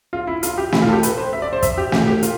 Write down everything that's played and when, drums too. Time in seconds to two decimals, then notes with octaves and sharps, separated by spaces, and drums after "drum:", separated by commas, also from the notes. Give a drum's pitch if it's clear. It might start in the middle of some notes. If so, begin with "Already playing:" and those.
0.13 F4
0.27 E4
0.43 F4, drum: hi-hat
0.58 G4
0.72 E4, drum: snare
0.82 F4
0.88 A4
0.93 G4
1.03 B4, drum: hi-hat
1.18 C5
1.33 E5
1.42 D5
1.53 C5
1.62 E5, drum: kick, hi-hat
1.78 G4
1.92 G4, drum: snare
2.07 G4
2.23 F4, drum: hi-hat